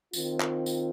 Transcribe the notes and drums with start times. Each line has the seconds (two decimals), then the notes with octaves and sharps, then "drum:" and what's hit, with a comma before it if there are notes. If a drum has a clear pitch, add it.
0.13 D#3 C4 F4, drum: tambourine
0.40 drum: clap
0.66 drum: tambourine